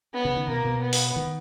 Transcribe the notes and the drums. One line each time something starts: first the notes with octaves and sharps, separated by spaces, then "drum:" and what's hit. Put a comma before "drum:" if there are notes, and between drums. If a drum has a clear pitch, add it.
B3
C#3
D#3
B2 A#3
B2
B3
drum: open hi-hat
D#3